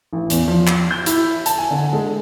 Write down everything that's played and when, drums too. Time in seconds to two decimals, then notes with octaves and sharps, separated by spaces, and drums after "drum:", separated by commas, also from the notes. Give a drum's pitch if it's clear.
0.13 A1
0.30 E2, drum: hi-hat
0.48 F3
0.67 drum: clap
0.91 G6
1.06 E4, drum: hi-hat
1.46 A5, drum: hi-hat
1.58 G#5
1.71 D3
1.93 G#3